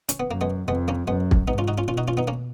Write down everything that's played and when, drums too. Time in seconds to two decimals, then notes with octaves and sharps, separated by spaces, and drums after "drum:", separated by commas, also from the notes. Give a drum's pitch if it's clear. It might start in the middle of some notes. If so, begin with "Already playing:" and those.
0.09 C#4, drum: hi-hat
0.20 B3
0.28 F#2 A#3
0.41 G#3 B3
0.68 F2 G#3 B3
0.88 A#3 C#4
1.08 F#2 G#3 B3
1.31 drum: kick
1.48 G#2 B3 D#4
1.58 C#4 F4
1.68 D#4 F#4
1.78 C#4 F4
1.88 B2 C#4 F4
1.98 D#4 F#4
2.08 C#4 F4
2.17 B3 D#4
2.28 A#3 C#4